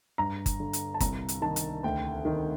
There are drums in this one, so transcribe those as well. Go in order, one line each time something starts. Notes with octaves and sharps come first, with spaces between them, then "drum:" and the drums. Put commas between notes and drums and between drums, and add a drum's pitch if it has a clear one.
G2 A#5
drum: kick G1, hi-hat
D3
drum: hi-hat
A5
C2 A#5, drum: kick G1, hi-hat
drum: hi-hat
D#3 A5
drum: hi-hat
D2 G5
D#3